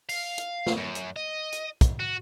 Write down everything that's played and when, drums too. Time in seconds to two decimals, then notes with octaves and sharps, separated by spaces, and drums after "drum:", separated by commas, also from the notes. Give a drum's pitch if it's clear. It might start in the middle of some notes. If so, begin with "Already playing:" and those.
0.09 F5, drum: open hi-hat
0.38 drum: hi-hat
0.66 drum: snare
0.77 F#2
0.95 drum: hi-hat
1.16 D#5
1.52 drum: hi-hat
1.81 drum: kick, hi-hat
1.99 F#4